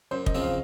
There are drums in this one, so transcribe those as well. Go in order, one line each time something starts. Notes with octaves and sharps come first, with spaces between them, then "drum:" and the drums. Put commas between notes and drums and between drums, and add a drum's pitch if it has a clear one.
F#2 C5
D#5, drum: kick
C#3 F3 C4
F5